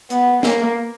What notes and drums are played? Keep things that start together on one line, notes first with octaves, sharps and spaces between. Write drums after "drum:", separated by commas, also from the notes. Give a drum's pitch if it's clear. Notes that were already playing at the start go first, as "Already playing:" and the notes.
B3, drum: hi-hat
A#3, drum: snare